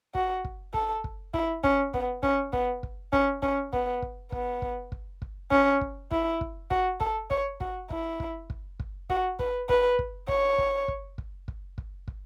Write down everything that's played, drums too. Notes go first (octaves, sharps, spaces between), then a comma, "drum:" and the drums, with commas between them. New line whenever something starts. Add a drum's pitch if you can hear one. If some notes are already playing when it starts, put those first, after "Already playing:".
F#4, drum: kick
drum: kick
A4, drum: kick
drum: kick
E4, drum: kick
C#4, drum: kick
B3, drum: kick
C#4, drum: kick
B3, drum: kick
drum: kick
C#4, drum: kick
C#4, drum: kick
B3, drum: kick
drum: kick
B3, drum: kick
drum: kick
drum: kick
drum: kick
C#4, drum: kick
drum: kick
E4, drum: kick
drum: kick
F#4, drum: kick
A4, drum: kick
C#5, drum: kick
F#4, drum: kick
E4, drum: kick
drum: kick
drum: kick
drum: kick
F#4, drum: kick
B4, drum: kick
B4, drum: kick
drum: kick
C#5, drum: kick
drum: kick
drum: kick
drum: kick
drum: kick
drum: kick
drum: kick